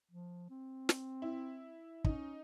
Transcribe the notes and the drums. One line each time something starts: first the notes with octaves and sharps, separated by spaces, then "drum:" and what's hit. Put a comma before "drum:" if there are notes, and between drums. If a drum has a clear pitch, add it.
F3
C4
drum: snare
E4
C#4 D#4, drum: kick